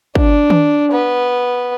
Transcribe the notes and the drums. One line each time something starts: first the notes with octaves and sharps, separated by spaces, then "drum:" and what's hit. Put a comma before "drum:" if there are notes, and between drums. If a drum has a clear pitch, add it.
D4, drum: kick
drum: tom D#3
B3